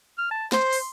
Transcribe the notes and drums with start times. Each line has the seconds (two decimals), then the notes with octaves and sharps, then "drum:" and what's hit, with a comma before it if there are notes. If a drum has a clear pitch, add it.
0.18 F6
0.31 A5
0.52 C5 C6, drum: snare
0.73 drum: open hi-hat